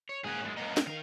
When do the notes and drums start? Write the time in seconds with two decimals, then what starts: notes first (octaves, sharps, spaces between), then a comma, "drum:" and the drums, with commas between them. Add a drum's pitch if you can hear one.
0.09 C#5
0.25 G#2 A#3 C#4 G#4 F#5
0.46 F#2 G#3
0.57 F#2 A#2 D#5 F#5
0.77 drum: snare
0.87 D#3 A#4 F5